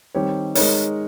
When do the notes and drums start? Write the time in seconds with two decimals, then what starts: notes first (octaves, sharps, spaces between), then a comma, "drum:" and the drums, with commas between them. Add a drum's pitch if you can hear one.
0.15 D#3 G3 C4 G4 C#5
0.55 G#3 D#4 A#4 C#5, drum: open hi-hat